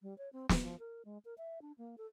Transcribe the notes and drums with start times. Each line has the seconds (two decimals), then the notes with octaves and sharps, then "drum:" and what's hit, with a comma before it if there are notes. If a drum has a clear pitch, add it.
0.02 G3
0.18 C#5
0.33 C4
0.49 C4, drum: snare
0.61 F3
0.80 A#4
1.05 G#3
1.25 A#4
1.38 E5
1.62 D4
1.78 A#3
1.98 A4